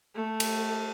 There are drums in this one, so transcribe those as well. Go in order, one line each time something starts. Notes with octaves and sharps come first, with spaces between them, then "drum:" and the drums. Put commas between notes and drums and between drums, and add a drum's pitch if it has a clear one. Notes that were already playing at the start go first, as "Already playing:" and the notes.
A3
drum: cymbal